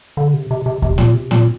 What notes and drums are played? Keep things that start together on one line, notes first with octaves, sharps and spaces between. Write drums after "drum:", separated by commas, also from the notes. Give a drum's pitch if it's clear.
D3
C3
C3
C3
C3, drum: kick D2
A#2, drum: snare B3
C3
A#2, drum: snare B3